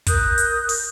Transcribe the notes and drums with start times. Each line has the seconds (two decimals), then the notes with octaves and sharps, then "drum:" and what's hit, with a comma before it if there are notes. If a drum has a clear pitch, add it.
0.06 A#4 D#6 F#6 G6, drum: kick, hi-hat
0.38 drum: hi-hat
0.69 drum: open hi-hat